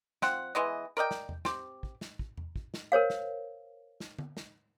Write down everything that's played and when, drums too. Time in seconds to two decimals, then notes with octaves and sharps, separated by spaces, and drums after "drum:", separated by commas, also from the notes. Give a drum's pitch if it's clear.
0.22 F3 C4 F#5, drum: snare
0.55 E3 G#3 B3 D#5
0.97 A#4 D5 D#5 G5
1.11 drum: snare
1.29 drum: tom E2
1.45 C4 G4, drum: snare
1.83 drum: kick
2.01 drum: snare
2.19 drum: kick
2.38 drum: tom E2
2.56 drum: kick
2.74 drum: snare
2.92 A#4 C5 C#5 F5
3.10 drum: snare
4.00 drum: snare
4.19 drum: tom D3
4.37 drum: snare